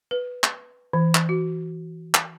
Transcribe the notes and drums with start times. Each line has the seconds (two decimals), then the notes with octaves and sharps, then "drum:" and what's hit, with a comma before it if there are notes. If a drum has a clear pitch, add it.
0.11 B4
0.44 drum: clap
0.93 E3
1.15 drum: clap
1.29 F#4
2.14 drum: clap